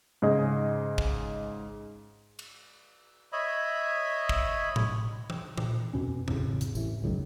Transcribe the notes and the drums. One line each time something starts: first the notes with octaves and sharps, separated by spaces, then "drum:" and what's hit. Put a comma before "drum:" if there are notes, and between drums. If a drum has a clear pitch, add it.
G#2 C#3 G#4 D#5
drum: kick
drum: cymbal
C#5 D#5 E5 B5
drum: kick
drum: tom A2
drum: tom E3
A#2, drum: tom E3
F2 B2 C#4
A1 F2 C#3, drum: tom E3
drum: hi-hat
A1 E3, drum: tambourine
F1 C#2 F#2 D#3